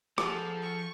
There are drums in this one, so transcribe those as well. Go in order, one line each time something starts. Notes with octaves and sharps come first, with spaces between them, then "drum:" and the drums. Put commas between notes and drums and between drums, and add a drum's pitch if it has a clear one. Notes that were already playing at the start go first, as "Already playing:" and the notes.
F3 G#4 A4 F#5, drum: rim click
C#6